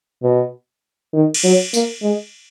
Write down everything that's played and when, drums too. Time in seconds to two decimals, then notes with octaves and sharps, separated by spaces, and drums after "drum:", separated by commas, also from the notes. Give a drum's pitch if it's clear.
0.23 B2
1.13 D#3
1.34 drum: cymbal
1.44 F#3
1.74 A#3, drum: tambourine
2.02 G#3